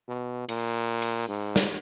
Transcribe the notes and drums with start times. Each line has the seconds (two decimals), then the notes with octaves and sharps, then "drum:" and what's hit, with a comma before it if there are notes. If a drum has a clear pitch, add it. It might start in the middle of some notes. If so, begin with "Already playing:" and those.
0.09 B2
0.49 A#2, drum: cymbal
1.02 drum: cymbal
1.29 G#2
1.56 drum: snare